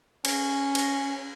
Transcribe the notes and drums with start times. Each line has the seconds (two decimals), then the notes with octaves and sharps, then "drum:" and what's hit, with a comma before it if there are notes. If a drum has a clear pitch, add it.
0.25 C#4, drum: cymbal
0.75 drum: cymbal